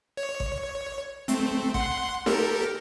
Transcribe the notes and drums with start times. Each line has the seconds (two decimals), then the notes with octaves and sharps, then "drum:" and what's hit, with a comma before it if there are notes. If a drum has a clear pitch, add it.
0.17 C#5
0.40 drum: kick A1
1.28 A3 C4, drum: hi-hat
1.74 F#5 C6, drum: kick A1
2.26 G4 A4 A#4, drum: snare D#4